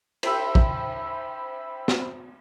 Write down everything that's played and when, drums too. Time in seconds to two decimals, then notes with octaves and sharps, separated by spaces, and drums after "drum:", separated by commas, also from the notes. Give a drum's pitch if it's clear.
0.23 C5 E5 G5 B5 E6, drum: cymbal
0.55 drum: kick
1.88 drum: snare